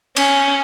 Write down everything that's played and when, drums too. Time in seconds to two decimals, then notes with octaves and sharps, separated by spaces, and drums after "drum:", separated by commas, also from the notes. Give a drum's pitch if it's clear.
0.16 C#4, drum: cymbal